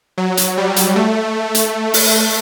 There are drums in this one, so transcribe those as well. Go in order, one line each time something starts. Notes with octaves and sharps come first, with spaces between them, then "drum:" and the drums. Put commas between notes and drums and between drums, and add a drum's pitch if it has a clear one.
F#3
drum: hi-hat
G3
drum: hi-hat
A3
drum: hi-hat
drum: open hi-hat